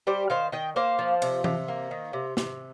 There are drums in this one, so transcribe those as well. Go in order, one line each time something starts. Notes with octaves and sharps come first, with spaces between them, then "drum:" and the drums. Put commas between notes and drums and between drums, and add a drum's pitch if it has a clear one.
G3 G4 C5
D#3 C5 F5
D#3 D#5 G5
A#3 C5 F5
F3
C3, drum: cymbal
C3, drum: tom E3
A#3
D#3
C3
C3, drum: snare